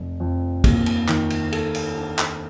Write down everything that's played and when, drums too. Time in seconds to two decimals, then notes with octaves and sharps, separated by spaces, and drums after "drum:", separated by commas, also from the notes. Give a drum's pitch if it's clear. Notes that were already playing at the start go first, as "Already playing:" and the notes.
Already playing: F1
0.20 F2
0.64 D#2, drum: kick, cymbal
0.86 drum: cymbal
1.08 D#3, drum: clap
1.30 drum: cymbal
1.52 A4, drum: cymbal
1.74 drum: cymbal
1.97 D4
2.19 drum: clap